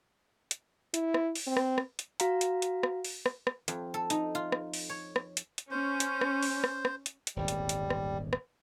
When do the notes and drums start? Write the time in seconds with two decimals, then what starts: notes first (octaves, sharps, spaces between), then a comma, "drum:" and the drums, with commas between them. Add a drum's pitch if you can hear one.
0.51 drum: hi-hat
0.94 E4, drum: hi-hat
1.14 drum: rim click
1.35 drum: open hi-hat
1.47 C4
1.57 drum: rim click
1.78 drum: rim click
1.99 drum: hi-hat
2.20 F#4 F5 A#5, drum: hi-hat
2.41 drum: hi-hat
2.62 drum: hi-hat
2.83 drum: rim click
3.05 drum: open hi-hat
3.26 drum: rim click
3.47 drum: rim click
3.68 F2, drum: hi-hat
3.94 A4
4.10 D#4, drum: hi-hat
4.35 F4
4.52 drum: rim click
4.74 drum: open hi-hat
4.89 C#5
5.16 drum: rim click
5.37 drum: hi-hat
5.58 drum: hi-hat
5.71 C#4 C5
6.00 drum: hi-hat
6.21 drum: rim click
6.43 drum: open hi-hat
6.64 drum: rim click
6.85 drum: rim click
7.06 drum: hi-hat
7.27 drum: hi-hat
7.36 D#1 G#1 E2 G3
7.48 drum: hi-hat
7.69 drum: hi-hat
7.90 drum: rim click
8.33 drum: rim click